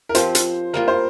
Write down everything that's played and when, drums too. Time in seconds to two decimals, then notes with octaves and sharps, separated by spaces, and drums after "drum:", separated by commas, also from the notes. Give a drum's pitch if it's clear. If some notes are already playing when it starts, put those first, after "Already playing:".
0.09 A#4
0.15 F3 C4 G4 C5, drum: hi-hat
0.35 drum: hi-hat
0.73 G3 A#3 F4 A#4
0.88 C5